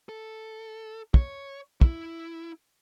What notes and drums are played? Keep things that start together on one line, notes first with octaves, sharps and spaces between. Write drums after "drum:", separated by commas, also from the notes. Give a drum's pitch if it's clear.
A4
C#5, drum: kick
E4, drum: kick